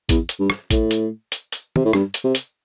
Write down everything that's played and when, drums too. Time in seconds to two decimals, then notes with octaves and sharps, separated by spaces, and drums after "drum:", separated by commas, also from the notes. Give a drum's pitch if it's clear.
0.09 E2, drum: kick A1, hi-hat
0.29 drum: hi-hat
0.39 G2
0.50 drum: rim click
0.70 A2, drum: kick A1, hi-hat
0.91 drum: hi-hat
1.32 drum: hi-hat
1.52 drum: hi-hat
1.76 C3, drum: tom
1.85 A2
1.93 G2, drum: rim click
2.14 drum: hi-hat
2.24 C3
2.35 drum: hi-hat